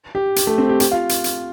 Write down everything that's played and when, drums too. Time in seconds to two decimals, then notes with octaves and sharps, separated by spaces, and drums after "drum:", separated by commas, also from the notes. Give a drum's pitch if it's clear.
0.15 G4
0.36 drum: hi-hat
0.47 A3
0.58 C4
0.69 G4
0.80 G4, drum: hi-hat
0.92 F4
1.09 drum: hi-hat
1.24 drum: hi-hat